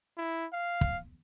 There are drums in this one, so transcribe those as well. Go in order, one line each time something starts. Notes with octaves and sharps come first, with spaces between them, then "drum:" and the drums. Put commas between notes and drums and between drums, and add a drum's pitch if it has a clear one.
E4
F5
drum: kick